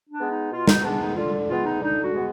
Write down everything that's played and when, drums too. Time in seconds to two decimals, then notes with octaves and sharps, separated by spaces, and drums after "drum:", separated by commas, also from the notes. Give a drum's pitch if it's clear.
0.09 D4
0.20 G#3 B3
0.31 D#4
0.52 B2 F4
0.68 D#4, drum: snare
0.84 G#3 B3 D4
1.01 D#4
1.16 D3 F4
1.49 G#3 B3 F4
1.65 D#4
1.80 D3 D#4
2.02 F#4
2.13 G#3 B3